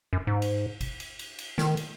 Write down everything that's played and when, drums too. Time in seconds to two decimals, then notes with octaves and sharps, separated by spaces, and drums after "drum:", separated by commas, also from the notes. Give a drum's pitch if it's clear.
0.13 F#2
0.27 G#2
0.42 drum: cymbal
0.81 drum: kick G#1, cymbal
1.00 drum: cymbal
1.19 drum: cymbal
1.38 drum: cymbal
1.58 D#3, drum: snare
1.77 drum: cymbal